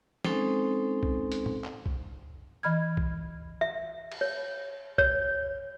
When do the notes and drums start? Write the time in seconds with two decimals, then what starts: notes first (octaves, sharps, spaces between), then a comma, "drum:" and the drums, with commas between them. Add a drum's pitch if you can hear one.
0.24 G#3 C4 C#4 D#4 A4 C5, drum: snare
1.03 drum: kick B1
1.32 drum: hi-hat
1.46 drum: tom
1.64 drum: clap
1.86 drum: kick B1
2.63 E3 D#5 B5 F6 G#6
2.97 drum: kick B1
3.61 E5
4.12 drum: cymbal
4.21 C#5
4.98 C#5, drum: kick B1